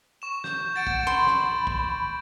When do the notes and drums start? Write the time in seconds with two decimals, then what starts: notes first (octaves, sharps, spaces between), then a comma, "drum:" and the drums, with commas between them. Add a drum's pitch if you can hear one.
0.22 C#6 E7
0.44 G6, drum: snare
0.76 F#5 A6 D7
0.87 drum: kick
1.07 B5 C6
1.27 drum: snare
1.67 drum: kick